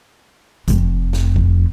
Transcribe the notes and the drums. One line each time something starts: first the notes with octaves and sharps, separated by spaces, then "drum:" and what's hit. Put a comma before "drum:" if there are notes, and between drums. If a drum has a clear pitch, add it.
F1 F2, drum: kick G#1, hi-hat
drum: snare
drum: kick G#1